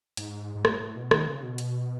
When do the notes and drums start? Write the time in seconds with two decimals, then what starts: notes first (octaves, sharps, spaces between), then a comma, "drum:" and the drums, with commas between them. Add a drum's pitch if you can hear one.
0.17 G#2, drum: hi-hat
0.55 G#2
0.65 A2, drum: rim click
0.80 A2
0.95 B2
1.11 D#3, drum: rim click
1.27 C#3
1.43 B2
1.58 drum: hi-hat